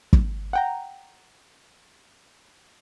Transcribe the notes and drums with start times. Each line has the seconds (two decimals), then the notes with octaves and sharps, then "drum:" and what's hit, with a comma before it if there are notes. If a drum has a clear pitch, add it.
0.13 drum: kick
0.53 F#5 G5 A#5